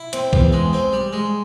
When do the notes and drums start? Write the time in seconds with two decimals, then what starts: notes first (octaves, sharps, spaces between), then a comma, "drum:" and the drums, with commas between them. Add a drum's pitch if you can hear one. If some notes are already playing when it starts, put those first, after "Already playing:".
Already playing: E4
0.13 C4, drum: hi-hat
0.33 E2, drum: kick B1
0.52 G#3
0.73 C4
0.93 G3
1.13 G#3